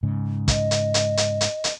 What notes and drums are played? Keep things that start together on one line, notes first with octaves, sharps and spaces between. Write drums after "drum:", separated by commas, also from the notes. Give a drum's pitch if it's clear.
G#2 C#3
D#5, drum: kick, hi-hat
drum: hi-hat
drum: hi-hat
drum: hi-hat
drum: hi-hat
drum: hi-hat